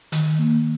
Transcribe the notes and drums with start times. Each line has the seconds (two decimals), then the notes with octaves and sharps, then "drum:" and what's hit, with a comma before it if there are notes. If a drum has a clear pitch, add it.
0.12 D#3, drum: hi-hat
0.39 A#3